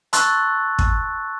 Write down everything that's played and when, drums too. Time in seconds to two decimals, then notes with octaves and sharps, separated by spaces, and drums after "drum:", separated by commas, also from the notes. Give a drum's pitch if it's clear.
0.13 A5 C6 C#6 E6 F#6 A6, drum: hi-hat
0.79 drum: kick